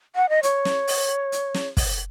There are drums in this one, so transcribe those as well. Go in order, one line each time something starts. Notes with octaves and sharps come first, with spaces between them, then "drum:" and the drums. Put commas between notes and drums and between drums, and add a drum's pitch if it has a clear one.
F#5
D#5
C#5, drum: hi-hat
drum: snare
drum: open hi-hat
drum: hi-hat
drum: snare
drum: kick, open hi-hat